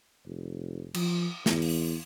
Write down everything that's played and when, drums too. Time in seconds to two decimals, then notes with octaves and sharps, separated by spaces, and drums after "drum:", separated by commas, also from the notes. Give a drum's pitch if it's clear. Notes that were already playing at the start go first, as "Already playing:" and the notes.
0.25 F1
0.94 F3, drum: cymbal
1.46 E2, drum: snare
1.62 drum: open hi-hat